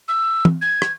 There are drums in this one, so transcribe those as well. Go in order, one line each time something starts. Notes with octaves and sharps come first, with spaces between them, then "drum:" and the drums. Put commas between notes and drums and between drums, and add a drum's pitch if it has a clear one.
E6
drum: tom E3
G#6
drum: rim click